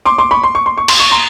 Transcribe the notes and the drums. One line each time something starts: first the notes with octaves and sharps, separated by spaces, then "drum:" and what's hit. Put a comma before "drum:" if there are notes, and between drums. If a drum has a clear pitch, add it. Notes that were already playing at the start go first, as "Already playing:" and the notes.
C6 D6
C6 D6
B5 C#6
C6
C#6
C6
C#6
C6, drum: cymbal
C#6
A#5 C6